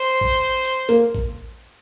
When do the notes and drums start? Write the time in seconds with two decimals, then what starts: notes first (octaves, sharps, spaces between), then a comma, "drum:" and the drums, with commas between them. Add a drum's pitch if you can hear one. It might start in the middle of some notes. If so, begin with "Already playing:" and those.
Already playing: C5
0.21 drum: kick A1
0.65 drum: hi-hat
0.89 A#3, drum: hi-hat
1.15 drum: kick A1